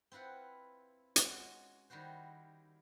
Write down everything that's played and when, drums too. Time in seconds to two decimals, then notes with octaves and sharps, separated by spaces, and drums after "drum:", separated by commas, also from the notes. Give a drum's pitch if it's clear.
0.12 C4 E4 F4 B4 F#5
1.16 G#3 C#4 F#4, drum: hi-hat
1.90 D#3 G3 E4 F#4 C5